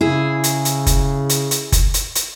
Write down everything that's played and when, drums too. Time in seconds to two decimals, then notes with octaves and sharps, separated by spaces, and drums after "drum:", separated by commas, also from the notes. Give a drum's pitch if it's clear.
0.01 C#3 E4 G#4
0.44 drum: hi-hat
0.65 drum: hi-hat
0.86 drum: kick F#1, hi-hat
1.29 drum: hi-hat
1.51 drum: hi-hat
1.72 drum: kick F#1, hi-hat
1.94 drum: hi-hat
2.15 drum: hi-hat